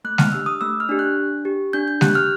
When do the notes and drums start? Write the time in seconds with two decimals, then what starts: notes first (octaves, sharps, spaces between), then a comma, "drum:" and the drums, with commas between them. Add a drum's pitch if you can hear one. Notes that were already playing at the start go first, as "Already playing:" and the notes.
0.04 A3 F#6
0.18 F6, drum: snare G#3
0.32 D4 G4 E6
0.46 D#6
0.61 A3 E6
0.80 F6
0.89 D4 G4
0.99 F#6
1.16 D4
1.45 G4
1.73 D4 G6
1.88 G6
2.01 G4 F#6, drum: snare G#3
2.15 F6